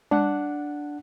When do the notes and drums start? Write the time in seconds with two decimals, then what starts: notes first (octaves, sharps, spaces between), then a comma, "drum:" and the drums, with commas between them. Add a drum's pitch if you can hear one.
0.11 D4 F#5 F#6, drum: tom G3